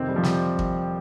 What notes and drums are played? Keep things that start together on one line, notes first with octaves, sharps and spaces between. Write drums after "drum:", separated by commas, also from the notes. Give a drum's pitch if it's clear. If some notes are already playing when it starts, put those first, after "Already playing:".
Already playing: F2 C3 D#3 C4
G3
F3
G3, drum: snare
drum: kick